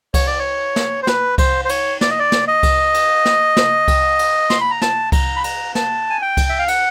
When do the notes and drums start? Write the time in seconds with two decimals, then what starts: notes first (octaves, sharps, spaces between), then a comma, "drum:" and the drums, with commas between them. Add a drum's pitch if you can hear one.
0.14 C#5, drum: kick C2, cymbal
0.27 D5
0.39 C#5
0.76 drum: snare
1.03 C5
1.07 B4, drum: snare
1.38 C5, drum: kick C2, cymbal
1.65 C5
1.69 C#5, drum: cymbal
2.01 D5, drum: snare
2.10 D#5
2.19 D5
2.32 drum: snare
2.48 D#5
2.63 drum: kick C2, cymbal
2.94 drum: cymbal
3.25 drum: snare
3.57 drum: snare
3.88 drum: kick C2, cymbal
4.19 drum: cymbal
4.50 C6, drum: snare
4.61 B5
4.71 A#5
4.82 A5, drum: snare
5.12 A#5, drum: kick C2, cymbal
5.36 B5
5.44 A#5, drum: cymbal
5.75 A5, drum: snare
6.10 G#5
6.22 G5
6.37 drum: kick C2, cymbal
6.49 E5
6.59 F5
6.68 F#5, drum: cymbal